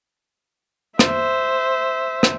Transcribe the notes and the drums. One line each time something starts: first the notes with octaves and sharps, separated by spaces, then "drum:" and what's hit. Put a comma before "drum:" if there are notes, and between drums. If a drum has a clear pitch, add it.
C5 E5, drum: rim click
drum: rim click